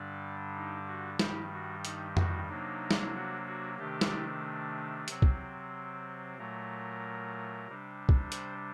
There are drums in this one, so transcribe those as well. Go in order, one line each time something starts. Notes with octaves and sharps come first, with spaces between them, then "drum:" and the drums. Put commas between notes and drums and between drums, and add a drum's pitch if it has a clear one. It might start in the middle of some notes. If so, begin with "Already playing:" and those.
Already playing: G2 D3 G3 D4 D5
D#4
F#4
G2 D#3 G3 G4, drum: snare
F#4
D#4, drum: hi-hat
F#4, drum: tom F2
C3 F#3 A#3 D4 D#4
drum: snare
F#4
F#4
C3 D#3 A3 D4 G4
drum: snare
C3 F#3 C4, drum: hi-hat
drum: kick
A#2 F#3 A3 A#4
C3 G3 D4
drum: kick
C5, drum: hi-hat